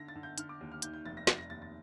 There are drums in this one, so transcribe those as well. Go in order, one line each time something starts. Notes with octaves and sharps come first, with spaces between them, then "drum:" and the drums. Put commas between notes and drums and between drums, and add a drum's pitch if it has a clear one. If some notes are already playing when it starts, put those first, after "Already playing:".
Already playing: D3 A#6
A6
D3
G6
D3 F6, drum: hi-hat
D6
D#2
F6
D#3 G6, drum: hi-hat
G6
F1 A6
A#6
F1 A6, drum: snare
A#6
D#2 A6
A6